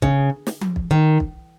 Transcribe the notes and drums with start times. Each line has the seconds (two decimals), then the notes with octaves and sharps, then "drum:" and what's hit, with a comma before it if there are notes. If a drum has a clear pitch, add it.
0.02 C#3, drum: kick
0.47 drum: snare
0.61 drum: tom F3
0.76 drum: kick
0.91 D#3
1.20 drum: kick